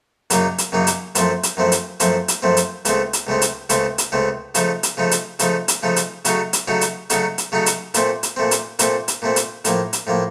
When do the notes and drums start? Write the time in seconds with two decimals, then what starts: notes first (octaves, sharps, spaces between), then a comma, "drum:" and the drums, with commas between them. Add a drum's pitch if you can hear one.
0.30 F#2 C#3 F#3 A#3 D#4, drum: hi-hat
0.58 drum: hi-hat
0.72 F#2 C#3 F#3 A#3 D#4
0.87 drum: hi-hat
1.15 F#2 F3 A3 C4, drum: hi-hat
1.43 drum: hi-hat
1.57 F#2 F3 A3 C4
1.72 drum: hi-hat
2.00 F#2 F3 A3 C4, drum: hi-hat
2.28 drum: hi-hat
2.42 F#2 F3 A3 C4
2.57 drum: hi-hat
2.85 C#2 C#3 A3 C4, drum: hi-hat
3.13 drum: hi-hat
3.27 C#2 C#3 A3 C4
3.42 drum: hi-hat
3.69 C#2 C#3 A3 C4, drum: hi-hat
3.98 drum: hi-hat
4.12 C#2 C#3 A3 C4
4.55 C#3 F3 A3 D#4, drum: hi-hat
4.83 drum: hi-hat
4.97 C#3 F3 A3 D#4
5.11 drum: hi-hat
5.39 C#3 F3 A3 D#4, drum: hi-hat
5.68 drum: hi-hat
5.83 C#3 F3 A3 D#4
5.96 drum: hi-hat
6.25 C#3 F#3 A3 D#4 F#4, drum: hi-hat
6.53 drum: hi-hat
6.68 C#3 F#3 A3 D#4 F#4
6.81 drum: hi-hat
7.10 C#3 F#3 A3 D#4 F#4, drum: hi-hat
7.38 drum: hi-hat
7.52 C#3 F#3 A3 D#4 F#4
7.66 drum: hi-hat
7.94 A#2 A3 C4, drum: hi-hat
8.23 drum: hi-hat
8.36 A#2 A3 C4
8.51 drum: hi-hat
8.79 A#2 A3 C4, drum: hi-hat
9.08 drum: hi-hat
9.22 A#2 A3 C4
9.36 drum: hi-hat
9.65 A2 F3 A#3, drum: hi-hat
9.93 drum: hi-hat
10.07 A2 F3 A#3